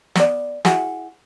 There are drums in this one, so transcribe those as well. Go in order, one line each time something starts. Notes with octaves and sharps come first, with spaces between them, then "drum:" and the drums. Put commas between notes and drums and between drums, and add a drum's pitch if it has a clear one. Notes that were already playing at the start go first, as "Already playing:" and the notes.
B3 D5, drum: snare
E4 F#4 G#4, drum: snare